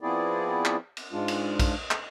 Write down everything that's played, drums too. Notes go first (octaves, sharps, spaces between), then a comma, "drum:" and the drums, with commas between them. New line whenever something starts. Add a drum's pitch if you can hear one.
F3 B3 C4 E4 G#4 D5
drum: clap
drum: cymbal
G#2 G#3 D4 F4
drum: cymbal
drum: kick A#1, cymbal
drum: clap